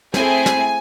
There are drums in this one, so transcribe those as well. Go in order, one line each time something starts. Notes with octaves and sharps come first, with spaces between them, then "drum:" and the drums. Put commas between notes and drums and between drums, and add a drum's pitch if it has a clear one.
A3 C4 E4 G#4 G#5, drum: snare
drum: snare